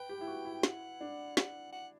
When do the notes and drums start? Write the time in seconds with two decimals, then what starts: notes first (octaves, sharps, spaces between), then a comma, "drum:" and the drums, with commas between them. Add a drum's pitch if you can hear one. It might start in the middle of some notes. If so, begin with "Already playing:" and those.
Already playing: B4 G5
0.09 G4
0.21 E4
0.27 F#4
0.45 E4
0.63 F#5, drum: snare
1.01 D4
1.37 F#5, drum: snare
1.72 F#5